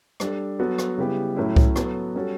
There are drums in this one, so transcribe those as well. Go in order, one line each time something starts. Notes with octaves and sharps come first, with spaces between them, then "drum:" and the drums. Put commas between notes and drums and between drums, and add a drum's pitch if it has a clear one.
G3 D4 A4, drum: rim click
F#3 B3 F#4 A4
drum: rim click
C#3 G3 B3 E4 G4
A2 F#3 A3 C#4 E4
drum: kick C2
F#3 B3 F#4 A4, drum: rim click
G3 C#4 F#4 A4